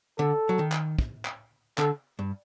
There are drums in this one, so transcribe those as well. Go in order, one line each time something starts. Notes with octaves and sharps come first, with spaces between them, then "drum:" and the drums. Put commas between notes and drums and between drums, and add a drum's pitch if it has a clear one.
D3 A4
F#3
D#3
drum: clap
drum: kick
drum: clap
D3 A4, drum: clap
G2